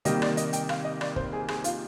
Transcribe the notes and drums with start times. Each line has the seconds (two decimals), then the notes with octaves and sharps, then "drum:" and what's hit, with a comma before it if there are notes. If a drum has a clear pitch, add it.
0.05 C3 D#3 G3 A#3 D#5, drum: hi-hat
0.22 D5, drum: rim click
0.37 D#5, drum: hi-hat
0.53 G5, drum: hi-hat
0.69 F5, drum: rim click
0.85 D#5
1.01 D5, drum: rim click
1.16 C5, drum: kick
1.33 G#4
1.48 G#4, drum: rim click
1.64 F4, drum: hi-hat